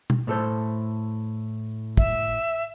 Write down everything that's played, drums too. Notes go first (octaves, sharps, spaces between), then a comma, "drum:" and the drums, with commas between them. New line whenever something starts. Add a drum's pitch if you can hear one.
drum: tom B2
A2 A4 C5
E5, drum: kick